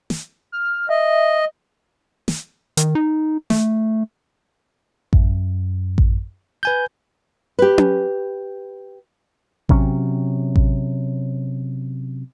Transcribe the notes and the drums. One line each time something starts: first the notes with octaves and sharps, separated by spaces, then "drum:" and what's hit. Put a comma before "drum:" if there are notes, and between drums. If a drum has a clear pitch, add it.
drum: snare
F6
D#5 E5
drum: snare
D#3, drum: hi-hat
D#4
A3, drum: snare
F#2, drum: kick A1
drum: kick A1
B4 G#5 G6
G4 B4
drum: tom C#4
C3 F#3 C#4, drum: kick A1
drum: kick A1